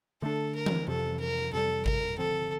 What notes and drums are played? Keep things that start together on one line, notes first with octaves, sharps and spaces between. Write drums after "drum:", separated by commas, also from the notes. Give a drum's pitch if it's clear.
D3 A3 D4 A4
A#4
drum: tom E3
F2 C3 F3 A4
A#4
F2 C3 G3 A4
A#4, drum: kick G#1
D3 F3 C4 A4